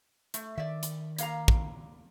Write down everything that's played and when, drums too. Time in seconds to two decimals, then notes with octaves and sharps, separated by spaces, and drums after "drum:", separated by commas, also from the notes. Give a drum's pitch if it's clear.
0.34 A3, drum: hi-hat
0.58 D#3 D5 E5
0.83 drum: hi-hat
1.19 A#3 F5 A#5, drum: hi-hat
1.48 drum: kick